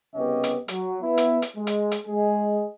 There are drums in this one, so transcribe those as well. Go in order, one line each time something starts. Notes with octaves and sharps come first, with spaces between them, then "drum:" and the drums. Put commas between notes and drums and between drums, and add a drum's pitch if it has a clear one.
C2 C#3 B3 C#4 G4 D#5
drum: hi-hat
F#3, drum: hi-hat
B3 E4
drum: hi-hat
drum: hi-hat
G#3
drum: hi-hat
drum: hi-hat
G#3 G#4